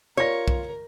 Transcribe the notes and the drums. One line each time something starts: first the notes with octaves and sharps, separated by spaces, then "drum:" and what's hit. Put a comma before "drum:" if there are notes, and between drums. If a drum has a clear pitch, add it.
F4 A#4 C#5 A#6
drum: kick